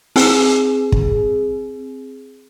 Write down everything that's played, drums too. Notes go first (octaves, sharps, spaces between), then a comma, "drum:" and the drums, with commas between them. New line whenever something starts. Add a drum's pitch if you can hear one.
C4 G#4, drum: open hi-hat
drum: kick